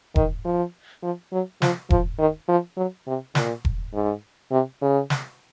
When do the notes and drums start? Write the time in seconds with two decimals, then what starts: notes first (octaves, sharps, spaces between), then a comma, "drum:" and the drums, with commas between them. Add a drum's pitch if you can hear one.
0.16 D#3, drum: kick E1
0.45 F3
1.03 F3
1.32 F#3
1.62 F3, drum: snare
1.90 F3, drum: kick E1
2.19 D#3
2.48 F3
2.77 F#3
3.07 C3
3.35 A#2, drum: snare
3.65 drum: kick E1
3.94 G#2
4.52 C3
4.82 C#3
5.10 drum: snare